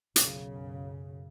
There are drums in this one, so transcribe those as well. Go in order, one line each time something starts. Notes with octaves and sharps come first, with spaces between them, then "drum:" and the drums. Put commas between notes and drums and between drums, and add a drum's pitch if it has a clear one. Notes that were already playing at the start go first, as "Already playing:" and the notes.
B1 F#2 C#3, drum: hi-hat